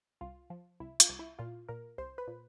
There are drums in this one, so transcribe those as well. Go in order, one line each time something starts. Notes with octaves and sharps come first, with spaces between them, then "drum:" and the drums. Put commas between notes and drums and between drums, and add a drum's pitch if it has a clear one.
C2 F4
F3
C2 E4
F4, drum: hi-hat
C2
E4
A#2 F4
A#2 A#4
C2 C5
B4
A#2